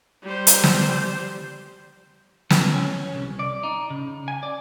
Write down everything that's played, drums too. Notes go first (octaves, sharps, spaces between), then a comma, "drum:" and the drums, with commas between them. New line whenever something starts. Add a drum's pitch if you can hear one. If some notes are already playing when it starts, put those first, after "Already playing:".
G3 C5
drum: hi-hat
drum: snare
C#2, drum: snare
C#4
C2
D5
D#4
C#3
G#5
D5